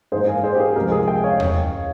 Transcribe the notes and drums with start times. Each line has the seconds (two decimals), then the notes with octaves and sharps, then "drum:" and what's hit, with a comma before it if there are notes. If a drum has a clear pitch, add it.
0.12 G#2 E3 A#3 G#4 C5
0.28 F5 G#5
0.44 G#4 C5
0.55 G4
0.60 G#4
0.76 C#2 C3 F3 G#3 G4 A#4
0.92 G#4
1.07 E5 G5
1.24 C#5 F5
1.40 C#2 C#3 E3, drum: tom E2